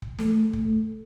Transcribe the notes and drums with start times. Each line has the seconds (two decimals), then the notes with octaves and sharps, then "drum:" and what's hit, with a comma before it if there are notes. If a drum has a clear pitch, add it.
0.02 drum: kick
0.19 A3, drum: snare
0.53 A3, drum: kick